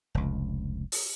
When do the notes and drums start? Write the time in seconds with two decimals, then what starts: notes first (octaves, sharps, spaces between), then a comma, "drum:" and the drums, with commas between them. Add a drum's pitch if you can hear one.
0.15 F1 C#2
0.92 drum: open hi-hat